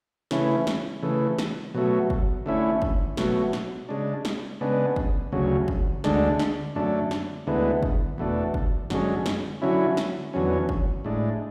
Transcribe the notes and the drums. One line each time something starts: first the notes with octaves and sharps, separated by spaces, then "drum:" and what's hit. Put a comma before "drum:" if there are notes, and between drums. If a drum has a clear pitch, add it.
C#3 E3 A3 C#4 E4, drum: snare
drum: snare
C#3 E3 A3
drum: snare
B2 F#3 A3
drum: kick
D3 A3 C#4 E4
drum: kick
B2 F#3 A3, drum: snare
drum: snare
C#3 G#3 D4
drum: snare
C#3 G#3 B3 D4
drum: kick
D2 C#3 F#3
drum: kick
D2 D3 G#3 D4, drum: snare
drum: snare
F#2 D3 A3 D4
drum: snare
D2 D3 G#3 B3 E4
drum: kick
E2 B2 A3 D4
drum: kick
F#2 D3 G#3 C#4, drum: snare
drum: snare
D3 F#3 C#4 E4
drum: snare
E2 D3 F#3 C#4
drum: kick
A2 G#3 D4